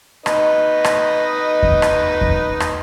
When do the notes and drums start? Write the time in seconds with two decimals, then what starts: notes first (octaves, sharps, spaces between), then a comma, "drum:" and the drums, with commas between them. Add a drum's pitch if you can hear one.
0.26 D#4 B4 D#5, drum: rim click
0.84 drum: rim click
1.63 drum: kick E2
1.82 drum: rim click
2.21 drum: kick E2
2.60 drum: rim click